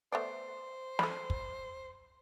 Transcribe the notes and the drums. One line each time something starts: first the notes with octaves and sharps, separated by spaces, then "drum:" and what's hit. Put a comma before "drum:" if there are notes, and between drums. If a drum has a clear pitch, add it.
A3 B3 C5 D5
A4 B5, drum: snare
drum: kick